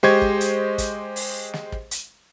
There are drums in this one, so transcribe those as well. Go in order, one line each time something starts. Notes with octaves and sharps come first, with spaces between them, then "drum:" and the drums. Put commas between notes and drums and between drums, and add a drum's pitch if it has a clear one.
G#3 G4 C5 D#5 C#6 G#6, drum: snare
drum: kick
drum: hi-hat
drum: kick, hi-hat
drum: open hi-hat
drum: snare
drum: kick
drum: hi-hat